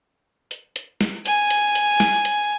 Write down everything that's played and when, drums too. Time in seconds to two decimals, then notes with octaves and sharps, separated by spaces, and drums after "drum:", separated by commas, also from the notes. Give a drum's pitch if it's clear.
0.51 drum: hi-hat
0.76 drum: hi-hat
1.01 drum: snare
1.25 G#5, drum: hi-hat
1.50 drum: hi-hat
1.75 drum: hi-hat
2.00 drum: snare
2.25 drum: hi-hat